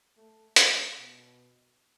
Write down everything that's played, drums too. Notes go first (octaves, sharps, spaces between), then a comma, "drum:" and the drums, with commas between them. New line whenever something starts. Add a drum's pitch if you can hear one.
A3
G#3, drum: hi-hat
B2